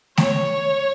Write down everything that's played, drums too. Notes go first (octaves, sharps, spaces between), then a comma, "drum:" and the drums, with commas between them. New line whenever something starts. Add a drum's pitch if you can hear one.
C#5, drum: snare A3